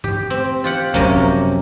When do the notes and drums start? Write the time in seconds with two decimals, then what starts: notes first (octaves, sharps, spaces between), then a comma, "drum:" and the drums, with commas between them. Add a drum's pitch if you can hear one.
0.04 G4, drum: tom G2
0.30 C4
0.64 F4 G4 F#5
0.94 F#2 C3 F3 A#3 C#4, drum: kick